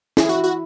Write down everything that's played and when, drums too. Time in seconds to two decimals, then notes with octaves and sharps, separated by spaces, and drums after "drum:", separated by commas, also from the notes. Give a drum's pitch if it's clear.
0.17 E4 G#4, drum: snare
0.29 F#4
0.44 F#4